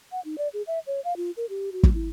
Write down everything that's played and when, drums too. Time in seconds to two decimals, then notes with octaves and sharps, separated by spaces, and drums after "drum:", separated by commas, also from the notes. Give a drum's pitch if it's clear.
0.12 F#5
0.25 D#4
0.38 D5
0.54 G#4
0.67 E5
0.87 C#5
1.04 F5
1.17 F4
1.37 A#4
1.50 G4
1.72 F#4
1.83 drum: kick
1.94 E4